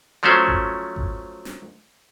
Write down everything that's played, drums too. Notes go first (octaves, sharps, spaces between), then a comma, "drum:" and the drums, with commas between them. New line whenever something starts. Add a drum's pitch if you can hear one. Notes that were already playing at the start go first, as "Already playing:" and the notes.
F3 F#3 A3 C#4 C5
drum: kick G#1
drum: kick G#1
drum: snare